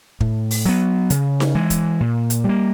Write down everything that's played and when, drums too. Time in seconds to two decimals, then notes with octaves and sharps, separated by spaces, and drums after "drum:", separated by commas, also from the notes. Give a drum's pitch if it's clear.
0.20 A2, drum: kick
0.51 drum: open hi-hat
0.66 F#3 B3
1.10 C#3, drum: hi-hat
1.40 drum: snare D#4
1.55 E3 G#3
1.70 drum: kick, hi-hat
2.00 A#2
2.30 drum: hi-hat
2.44 G3 A#3